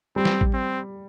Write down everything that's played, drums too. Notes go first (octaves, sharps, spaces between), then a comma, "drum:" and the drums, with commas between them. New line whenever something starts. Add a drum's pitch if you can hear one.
G3 C4
drum: snare
drum: kick A1
C4